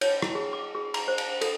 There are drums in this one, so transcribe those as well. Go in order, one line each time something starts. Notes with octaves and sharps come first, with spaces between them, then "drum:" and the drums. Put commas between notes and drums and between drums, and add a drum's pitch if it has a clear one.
C#5, drum: cymbal
E4, drum: rim click
G#4
D6
G#4
A#5, drum: cymbal
C5
drum: cymbal
A4, drum: cymbal